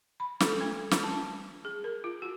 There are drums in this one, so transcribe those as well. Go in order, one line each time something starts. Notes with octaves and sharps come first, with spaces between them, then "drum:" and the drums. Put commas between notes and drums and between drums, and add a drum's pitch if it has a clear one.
B5
A4, drum: snare
A3
drum: snare
A5
G#4
A#4
F4
F#4